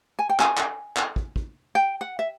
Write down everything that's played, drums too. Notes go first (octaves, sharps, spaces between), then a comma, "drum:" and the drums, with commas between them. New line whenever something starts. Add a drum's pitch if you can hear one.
G#5
G5
G#5, drum: clap
drum: clap
drum: clap
drum: kick
drum: kick
G5
F#5
E5